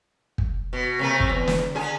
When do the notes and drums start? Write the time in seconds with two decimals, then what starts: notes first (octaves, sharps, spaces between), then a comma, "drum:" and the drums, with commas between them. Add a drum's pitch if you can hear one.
0.38 drum: kick
0.73 B2
0.99 C3 A3 A#3
1.20 drum: kick
1.29 E2
1.47 drum: snare
1.75 D3 G#4